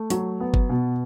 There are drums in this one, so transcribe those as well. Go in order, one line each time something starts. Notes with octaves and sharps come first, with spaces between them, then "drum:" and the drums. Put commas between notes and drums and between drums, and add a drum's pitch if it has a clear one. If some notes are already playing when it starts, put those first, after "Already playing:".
Already playing: A3
F#3, drum: hi-hat
B3
drum: kick G1
B2